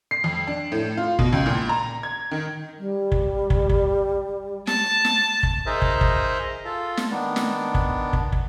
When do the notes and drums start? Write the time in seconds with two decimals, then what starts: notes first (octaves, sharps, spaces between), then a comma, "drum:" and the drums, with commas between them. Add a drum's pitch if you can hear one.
0.11 C7
0.24 F2
0.47 D4
0.72 A2
0.97 F4
1.19 B2, drum: kick
1.33 C#2
1.46 A#2
1.69 A#5
2.03 G#6
2.31 D#3
2.79 G3
3.12 drum: kick
3.50 drum: kick
3.69 drum: kick
4.67 A5, drum: snare
5.05 drum: snare
5.43 drum: kick
5.66 D#4 G#4 A#4 C5 D#5 E5
5.82 drum: kick
6.01 drum: kick
6.65 F4 A4
6.97 drum: snare
7.11 D#3 B3 D4
7.36 drum: snare
7.75 drum: kick
8.13 drum: kick
8.32 drum: kick